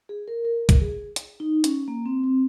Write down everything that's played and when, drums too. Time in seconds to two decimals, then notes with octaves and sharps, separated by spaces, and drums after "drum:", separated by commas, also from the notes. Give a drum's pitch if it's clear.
0.09 G#4
0.28 A#4
0.45 A#4
0.69 drum: kick, hi-hat
0.81 G#4
1.16 drum: hi-hat
1.40 D#4
1.64 C#4, drum: hi-hat
1.88 A#3
2.06 C4
2.24 C4